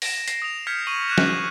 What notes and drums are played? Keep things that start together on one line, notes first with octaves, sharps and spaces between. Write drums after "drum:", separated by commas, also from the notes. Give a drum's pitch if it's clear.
A#6 D7 E7, drum: open hi-hat
A#6 C7, drum: hi-hat
D#6 F7
F6 G6 G#6 B6 C#7
C#6 D#7 F#7
D6 F#6 G#6 E7
drum: snare